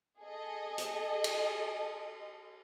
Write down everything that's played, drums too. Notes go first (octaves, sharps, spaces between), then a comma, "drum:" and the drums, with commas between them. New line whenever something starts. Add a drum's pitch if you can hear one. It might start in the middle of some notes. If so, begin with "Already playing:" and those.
G#4 A4 D#5
drum: hi-hat
drum: cymbal